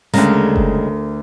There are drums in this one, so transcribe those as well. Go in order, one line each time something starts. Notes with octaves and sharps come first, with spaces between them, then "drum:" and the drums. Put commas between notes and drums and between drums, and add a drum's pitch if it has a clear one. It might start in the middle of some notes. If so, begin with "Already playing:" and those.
D2 C#3 G3 G#3 A#4, drum: snare
drum: kick F#1